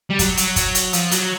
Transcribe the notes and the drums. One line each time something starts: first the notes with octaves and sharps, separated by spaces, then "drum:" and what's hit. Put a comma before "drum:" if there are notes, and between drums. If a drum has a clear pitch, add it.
G3
F#3, drum: kick, hi-hat
drum: hi-hat
drum: kick, hi-hat
drum: hi-hat
F3, drum: hi-hat
F#3, drum: hi-hat